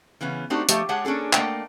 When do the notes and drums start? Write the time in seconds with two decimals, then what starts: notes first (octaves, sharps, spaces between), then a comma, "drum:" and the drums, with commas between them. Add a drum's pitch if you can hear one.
0.21 C#3 E3 B3 C#4
0.50 A3 C4 D4 D#4 F#4 G4
0.69 F3 A3 G4 C#5 D#5, drum: hi-hat
0.89 G#3 G4 G#4 C#5 F#5 A5
1.05 A#3 C#4 D4 G#4 A4
1.33 A3 A#3 G#4 D#5 F#5 G5, drum: clap